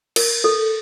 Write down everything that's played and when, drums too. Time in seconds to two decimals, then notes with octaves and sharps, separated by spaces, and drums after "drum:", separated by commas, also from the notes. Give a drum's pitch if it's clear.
0.16 A#4, drum: cymbal
0.44 A4